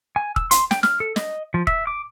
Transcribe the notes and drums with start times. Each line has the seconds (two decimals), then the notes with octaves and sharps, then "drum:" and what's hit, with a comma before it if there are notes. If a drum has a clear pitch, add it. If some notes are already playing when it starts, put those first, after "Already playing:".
0.16 G#5
0.36 E6, drum: kick
0.51 C6, drum: hi-hat
0.71 G5, drum: snare
0.83 F6, drum: snare
1.00 A4
1.16 D#5, drum: snare
1.54 F3
1.67 E5, drum: kick
1.87 D6